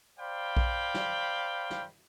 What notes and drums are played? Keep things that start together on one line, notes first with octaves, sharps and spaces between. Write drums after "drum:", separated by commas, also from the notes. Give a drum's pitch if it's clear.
C5 D5 F5 G5 B5
drum: kick A#1
drum: snare
drum: snare